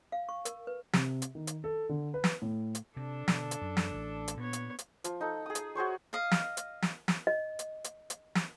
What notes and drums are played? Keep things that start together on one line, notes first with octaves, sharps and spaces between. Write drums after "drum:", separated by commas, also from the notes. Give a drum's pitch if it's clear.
F5
C#6
A#4, drum: hi-hat
B4
C3, drum: snare
drum: hi-hat
D#3
drum: hi-hat
A4
D3
B4
drum: snare
A2
drum: hi-hat
C3 D4 A4
B2 D3, drum: snare
drum: hi-hat
F#2
drum: snare
A1
drum: hi-hat
A#2 B3 C#5
drum: hi-hat
drum: hi-hat
F3, drum: hi-hat
D#4 A4
G#4 D#6
drum: hi-hat
F#4 G#4 C5 C#5
D#5 F5
drum: snare
drum: hi-hat
drum: snare
drum: snare
D#5
drum: hi-hat
drum: hi-hat
drum: hi-hat
drum: snare